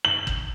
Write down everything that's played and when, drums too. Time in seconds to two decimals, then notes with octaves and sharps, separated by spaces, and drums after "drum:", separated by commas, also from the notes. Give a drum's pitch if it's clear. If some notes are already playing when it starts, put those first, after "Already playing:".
0.05 F#7
0.27 drum: kick